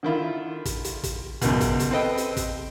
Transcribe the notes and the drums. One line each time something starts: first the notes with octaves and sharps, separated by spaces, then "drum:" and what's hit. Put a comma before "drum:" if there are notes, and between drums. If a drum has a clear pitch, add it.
D3 D#3 E4 F4
drum: kick, hi-hat
drum: hi-hat
drum: kick, hi-hat
C#2 F#2 B2, drum: kick, hi-hat
drum: kick, hi-hat
drum: hi-hat
C4 A4 B4 D#5 G5
drum: hi-hat
drum: kick, hi-hat